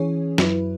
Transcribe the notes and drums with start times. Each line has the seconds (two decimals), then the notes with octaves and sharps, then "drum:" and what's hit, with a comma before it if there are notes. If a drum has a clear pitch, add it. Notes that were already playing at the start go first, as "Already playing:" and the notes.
Already playing: E3 C#4 G#4 C#5
0.38 F#2 F#3 E4 B4, drum: snare